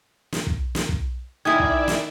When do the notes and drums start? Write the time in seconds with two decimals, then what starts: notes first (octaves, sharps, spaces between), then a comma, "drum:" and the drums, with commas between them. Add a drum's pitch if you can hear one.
0.32 drum: snare
0.47 drum: kick
0.75 drum: snare
0.89 drum: kick
1.45 D#3 E4 A#4 D5 E5 G#5 D#6 G#6
1.59 drum: kick
1.88 drum: snare